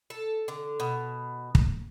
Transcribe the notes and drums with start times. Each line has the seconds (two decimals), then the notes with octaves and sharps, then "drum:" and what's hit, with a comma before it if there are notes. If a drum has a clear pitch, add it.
0.10 A4
0.48 D3
0.80 B2
1.55 drum: kick